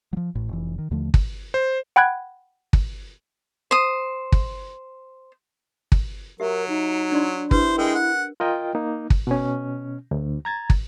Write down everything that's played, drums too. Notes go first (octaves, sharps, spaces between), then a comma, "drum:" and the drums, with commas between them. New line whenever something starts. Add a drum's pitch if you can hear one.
F3 F#3
A1 A2
F1 E3
D#3
D#2 D3 F3 A3
drum: kick
C5
F#5 G5 B5 F#6 G#6
drum: kick
C5 D#6
drum: kick
drum: kick
F#3 G4 A#4 E5
D#4
D4 D5 C6
D4 E4 G4 B4 C5, drum: kick
G#3 A#4 G5
F#5
F4 A#4 D#5 G5
A#3 D#4
drum: kick
B2 C#4
D2
A#5 G#6 A6
drum: kick